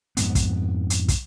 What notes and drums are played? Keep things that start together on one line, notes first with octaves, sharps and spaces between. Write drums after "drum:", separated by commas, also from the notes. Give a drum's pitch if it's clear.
F2 G#2 B3, drum: hi-hat
drum: kick, hi-hat
drum: hi-hat
drum: kick, hi-hat